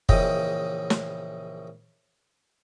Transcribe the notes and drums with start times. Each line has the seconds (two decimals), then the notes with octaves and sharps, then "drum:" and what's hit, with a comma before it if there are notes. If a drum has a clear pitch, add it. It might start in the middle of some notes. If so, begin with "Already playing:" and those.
0.09 A#1 C#3 E3 D#5 G5, drum: kick
0.90 drum: snare